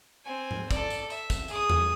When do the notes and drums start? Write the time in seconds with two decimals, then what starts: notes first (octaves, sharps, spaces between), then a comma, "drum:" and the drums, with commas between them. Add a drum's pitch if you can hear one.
0.25 C4 G#5
0.51 drum: tom G#2
0.71 A4 D5, drum: kick, tambourine
0.90 drum: tambourine
1.10 E5, drum: tambourine
1.30 drum: kick, tambourine
1.48 G#4 D#6, drum: tambourine
1.70 drum: tom E2